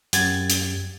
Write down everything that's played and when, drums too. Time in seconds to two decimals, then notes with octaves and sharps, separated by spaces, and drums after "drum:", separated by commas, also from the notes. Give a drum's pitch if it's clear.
0.13 F#2 G4 G#6 A6, drum: hi-hat
0.50 drum: hi-hat